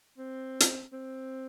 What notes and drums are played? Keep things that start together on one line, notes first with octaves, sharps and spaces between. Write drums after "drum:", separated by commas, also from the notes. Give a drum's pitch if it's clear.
C4
drum: hi-hat
C4